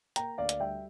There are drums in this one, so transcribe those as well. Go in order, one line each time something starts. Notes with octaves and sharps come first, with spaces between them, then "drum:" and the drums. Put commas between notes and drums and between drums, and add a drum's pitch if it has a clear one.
A#3 G5 A#5, drum: hi-hat
D2 D5 F5
drum: hi-hat
G3 E5 G5